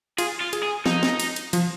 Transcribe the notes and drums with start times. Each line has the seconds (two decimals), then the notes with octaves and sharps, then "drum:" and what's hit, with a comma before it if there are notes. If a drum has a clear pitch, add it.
0.18 F4 G#4, drum: cymbal
0.41 F4
0.53 G#4, drum: cymbal
0.63 G#4
0.86 F3 D#4, drum: snare
1.03 drum: snare
1.20 drum: cymbal
1.36 drum: cymbal
1.53 F3, drum: cymbal